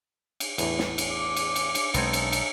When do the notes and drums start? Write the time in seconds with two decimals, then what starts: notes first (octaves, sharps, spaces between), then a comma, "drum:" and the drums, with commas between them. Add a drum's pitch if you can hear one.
0.40 drum: cymbal
0.58 E2 A2 E3, drum: cymbal
0.79 drum: snare
0.98 drum: cymbal
1.11 D6
1.36 drum: cymbal
1.56 drum: cymbal
1.75 drum: cymbal
1.94 B1 G#3 B3 C4 D#4 A4 G#5, drum: cymbal
2.13 drum: cymbal
2.33 drum: cymbal